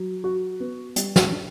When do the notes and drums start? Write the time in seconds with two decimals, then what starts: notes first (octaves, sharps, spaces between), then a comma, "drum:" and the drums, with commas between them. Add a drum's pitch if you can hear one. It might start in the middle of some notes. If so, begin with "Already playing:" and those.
Already playing: F#3
0.24 F#4
0.60 B3
0.96 G3, drum: hi-hat
1.16 drum: snare
1.32 D4